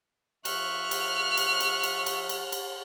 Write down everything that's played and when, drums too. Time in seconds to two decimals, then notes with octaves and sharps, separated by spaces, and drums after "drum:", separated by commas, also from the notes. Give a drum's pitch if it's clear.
0.45 F3 E5 C#6 F6 F#6, drum: cymbal
0.91 drum: cymbal
1.37 drum: cymbal
1.60 drum: cymbal
1.83 drum: cymbal
2.06 drum: cymbal
2.29 drum: cymbal
2.52 drum: cymbal